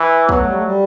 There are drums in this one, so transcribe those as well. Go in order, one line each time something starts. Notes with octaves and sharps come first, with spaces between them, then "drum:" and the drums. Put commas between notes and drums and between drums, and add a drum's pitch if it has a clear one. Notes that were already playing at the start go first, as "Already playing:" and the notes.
Already playing: E3
F#3 B3, drum: kick
A3
G3
A3
G3